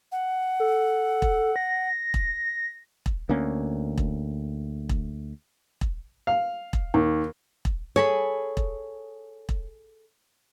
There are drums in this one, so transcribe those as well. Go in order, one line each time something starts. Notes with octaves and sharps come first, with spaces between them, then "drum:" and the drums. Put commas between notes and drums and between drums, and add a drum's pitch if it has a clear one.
F#5
A4
drum: kick E1
A#6
drum: kick E1
drum: kick E1
D2 A#3 C#4
drum: kick E1
drum: kick E1
drum: kick E1
F5
drum: kick E1
D#2
drum: kick E1
G#4 A4 C#5 B5
drum: kick E1
drum: kick E1